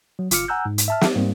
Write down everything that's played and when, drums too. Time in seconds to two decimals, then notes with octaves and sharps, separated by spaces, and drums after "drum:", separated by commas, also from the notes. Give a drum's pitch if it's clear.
0.19 F#3
0.31 G1 F4 D6 F6 C#7, drum: hi-hat
0.48 F#5 G#5 A#5 E6 F#6 G6
0.66 G#2
0.78 drum: hi-hat
0.88 E5 A5 F6
1.01 drum: snare
1.15 G#2 G3 A#3 C4